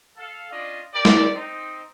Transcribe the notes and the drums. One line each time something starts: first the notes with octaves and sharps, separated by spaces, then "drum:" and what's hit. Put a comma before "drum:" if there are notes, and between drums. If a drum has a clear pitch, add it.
A4 F5
C#4 D4 F4 D5 D#5
G4 A#4 D5
drum: snare
C4 D#4